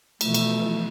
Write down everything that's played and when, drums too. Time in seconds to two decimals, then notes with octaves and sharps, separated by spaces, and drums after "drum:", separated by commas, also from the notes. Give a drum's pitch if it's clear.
0.21 B2 E3 F3 A3, drum: cymbal
0.34 drum: cymbal